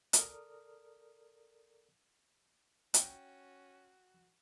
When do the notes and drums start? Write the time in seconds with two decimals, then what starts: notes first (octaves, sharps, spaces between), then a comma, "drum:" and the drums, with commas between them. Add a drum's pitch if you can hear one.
0.13 A4 A#4 D5 D#6 F6, drum: hi-hat
2.94 C#4 F#4 G5, drum: hi-hat